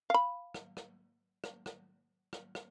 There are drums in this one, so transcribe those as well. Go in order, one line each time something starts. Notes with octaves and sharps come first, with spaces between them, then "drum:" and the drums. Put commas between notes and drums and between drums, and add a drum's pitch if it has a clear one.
F5 B5
drum: rim click
drum: rim click
drum: rim click
drum: rim click
drum: rim click
drum: rim click